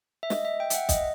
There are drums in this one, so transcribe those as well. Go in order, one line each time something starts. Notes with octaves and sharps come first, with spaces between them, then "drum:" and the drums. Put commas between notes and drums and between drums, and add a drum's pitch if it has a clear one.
E5
D#5, drum: snare
E5
G5
E5, drum: hi-hat
F#5
D#5, drum: kick, hi-hat